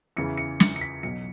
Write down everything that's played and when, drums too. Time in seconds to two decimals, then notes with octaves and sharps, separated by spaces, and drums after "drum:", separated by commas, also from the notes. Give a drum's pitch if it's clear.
0.17 E2 C#3 E3 C#7
0.37 C#7
0.60 C#7, drum: snare
0.76 C#7
0.81 B6
1.03 B1 B2 F#3 C#7